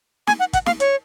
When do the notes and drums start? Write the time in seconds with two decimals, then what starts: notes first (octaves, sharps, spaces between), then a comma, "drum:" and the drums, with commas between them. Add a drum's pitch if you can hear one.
0.27 G#5, drum: snare
0.40 F#5
0.53 F#5, drum: kick, hi-hat
0.66 F5, drum: snare
0.80 C#5, drum: hi-hat